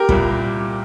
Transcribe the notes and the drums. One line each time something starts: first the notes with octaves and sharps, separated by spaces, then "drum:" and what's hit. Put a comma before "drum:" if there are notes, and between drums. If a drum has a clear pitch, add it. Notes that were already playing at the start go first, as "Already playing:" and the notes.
Already playing: G4 A#4
C2 A#2 G3, drum: kick